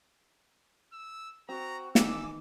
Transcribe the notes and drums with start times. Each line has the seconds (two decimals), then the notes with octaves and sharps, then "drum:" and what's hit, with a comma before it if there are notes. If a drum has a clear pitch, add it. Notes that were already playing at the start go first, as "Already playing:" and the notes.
0.93 E6
1.49 C4 F#4 A#5
1.95 D#3 E3 G#5 A5 D6 E6, drum: snare